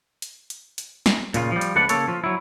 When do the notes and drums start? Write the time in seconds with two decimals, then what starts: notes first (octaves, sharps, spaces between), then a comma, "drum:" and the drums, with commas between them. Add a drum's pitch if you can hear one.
0.22 drum: hi-hat
0.50 drum: hi-hat
0.78 drum: hi-hat
1.06 drum: snare
1.34 A#2 C#3 F4, drum: hi-hat
1.52 F3 G3
1.61 drum: hi-hat
1.76 C#2 A3 B4 D5 F#5
1.89 C#3 A#3 A4 C#5, drum: hi-hat
2.08 F3 F4
2.24 F#3 E4